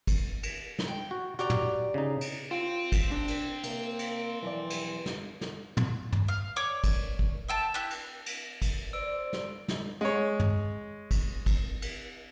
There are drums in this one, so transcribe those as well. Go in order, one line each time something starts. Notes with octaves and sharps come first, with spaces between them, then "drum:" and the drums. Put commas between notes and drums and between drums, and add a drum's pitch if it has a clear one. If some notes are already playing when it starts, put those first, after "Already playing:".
drum: kick, cymbal
drum: cymbal
drum: snare
G5
F#4
F#4 G4 D5 A#5
drum: tom
C#3 D#4
drum: cymbal
C4 F4
drum: kick, cymbal
A#2 D4
drum: cymbal
C3 A#3, drum: cymbal
drum: cymbal
B1 F2 E3 D5
drum: cymbal
drum: snare
drum: snare
drum: tom
drum: tom
F5
C#5 D5 C#6 D6
drum: kick, cymbal
drum: kick
E5 G5 A5
E4 G4 F#6
drum: cymbal
drum: cymbal
drum: kick, cymbal
C5 D5 E6 D7
drum: snare
drum: snare
G#3 C#5
drum: tom
drum: kick, cymbal
drum: kick, cymbal
drum: cymbal